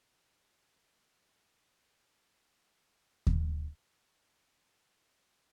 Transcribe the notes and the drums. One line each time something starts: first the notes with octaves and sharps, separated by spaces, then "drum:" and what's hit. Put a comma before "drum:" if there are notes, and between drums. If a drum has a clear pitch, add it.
A1
G#3
C2
C#3
drum: kick D#2
A3 C#5
G3
G#4
G#2